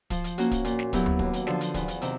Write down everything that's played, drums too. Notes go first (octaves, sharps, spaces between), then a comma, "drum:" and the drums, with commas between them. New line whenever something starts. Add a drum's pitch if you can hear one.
F3, drum: kick, hi-hat
drum: hi-hat
A#3 C#4 F#4, drum: hi-hat
drum: kick, hi-hat
A#2, drum: hi-hat
drum: snare
F#3 B3 E4 G4, drum: kick, hi-hat
drum: tom D2
D#2, drum: kick
drum: hi-hat
D3 F3, drum: snare
drum: hi-hat
E2, drum: kick, hi-hat
drum: hi-hat
C3 D#3, drum: hi-hat